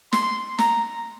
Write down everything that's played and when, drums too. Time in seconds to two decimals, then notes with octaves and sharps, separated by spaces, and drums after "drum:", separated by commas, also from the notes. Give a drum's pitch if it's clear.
0.13 C6, drum: snare
0.58 A#5, drum: snare